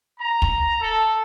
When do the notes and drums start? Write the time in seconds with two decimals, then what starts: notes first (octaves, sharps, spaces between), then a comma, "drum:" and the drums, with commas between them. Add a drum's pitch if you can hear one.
0.19 A#5
0.42 drum: kick
0.80 A4